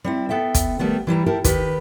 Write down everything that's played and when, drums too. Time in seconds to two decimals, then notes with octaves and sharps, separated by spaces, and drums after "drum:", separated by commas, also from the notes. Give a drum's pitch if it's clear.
0.04 G3 C4 E4
0.29 B3 A4 E5 G5
0.54 drum: kick, hi-hat
0.79 D#3 G3 A3 B3
1.07 E3 G3 E4 A#5
1.26 E4 G4 A4 A#4
1.44 D#3 G4 B4, drum: kick, hi-hat